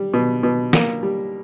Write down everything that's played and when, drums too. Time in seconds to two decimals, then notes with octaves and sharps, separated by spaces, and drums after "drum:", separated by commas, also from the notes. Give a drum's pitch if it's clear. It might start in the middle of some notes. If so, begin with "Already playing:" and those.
Already playing: G3
0.14 B2
0.43 B2
0.73 A#3, drum: snare
1.03 G3